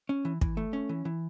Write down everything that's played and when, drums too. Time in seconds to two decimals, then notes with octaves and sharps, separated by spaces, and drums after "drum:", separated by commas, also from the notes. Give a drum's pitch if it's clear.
0.09 C#4
0.25 E3
0.41 E3, drum: kick
0.57 A3
0.73 C#4
0.89 E3
1.05 E3